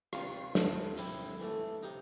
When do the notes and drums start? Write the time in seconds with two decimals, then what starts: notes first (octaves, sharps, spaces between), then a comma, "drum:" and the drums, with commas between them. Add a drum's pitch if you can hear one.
0.13 C3 F4, drum: rim click
0.55 E3 A3, drum: snare
0.97 C3 E4, drum: hi-hat
1.40 E3 A3
1.82 C3 D#4